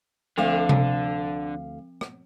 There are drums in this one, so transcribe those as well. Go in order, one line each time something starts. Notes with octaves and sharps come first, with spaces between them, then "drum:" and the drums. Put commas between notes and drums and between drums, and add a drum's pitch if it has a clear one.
D2 D3 F3 A3 C4 F5
drum: tom C3
drum: rim click